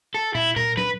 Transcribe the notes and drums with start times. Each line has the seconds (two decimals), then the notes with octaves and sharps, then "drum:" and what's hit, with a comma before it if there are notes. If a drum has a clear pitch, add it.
0.14 A4
0.35 E4, drum: tom
0.56 A#4, drum: tom
0.77 B4, drum: tom